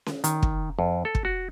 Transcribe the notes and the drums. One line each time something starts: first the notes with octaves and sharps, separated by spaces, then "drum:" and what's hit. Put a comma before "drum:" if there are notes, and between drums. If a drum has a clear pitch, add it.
drum: snare C#4
D#3, drum: hi-hat
drum: kick
F2
A4
drum: kick
F#4